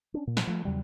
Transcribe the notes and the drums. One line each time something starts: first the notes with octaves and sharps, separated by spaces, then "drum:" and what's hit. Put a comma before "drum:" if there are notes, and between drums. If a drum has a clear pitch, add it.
C#4 D4
A#2
drum: snare
F3 A3
E2 C#3 F#3 G3